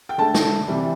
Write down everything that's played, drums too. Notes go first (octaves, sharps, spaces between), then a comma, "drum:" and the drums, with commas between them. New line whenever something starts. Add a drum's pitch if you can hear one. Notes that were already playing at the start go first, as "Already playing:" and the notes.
G5
D3 A3 A5
drum: snare
C3 E3 G3